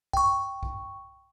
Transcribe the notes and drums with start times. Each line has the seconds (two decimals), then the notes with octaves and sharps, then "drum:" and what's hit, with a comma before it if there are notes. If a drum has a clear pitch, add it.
0.13 G5 C#6, drum: kick B1
0.63 drum: kick B1